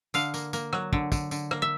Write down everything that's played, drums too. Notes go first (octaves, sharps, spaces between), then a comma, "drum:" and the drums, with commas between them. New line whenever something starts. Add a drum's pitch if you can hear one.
D3 F5, drum: tambourine
A#3, drum: tambourine
A#3, drum: tambourine
F#3, drum: rim click
D3, drum: kick
D3, drum: kick, tambourine
D3, drum: tambourine
A#3, drum: rim click
E5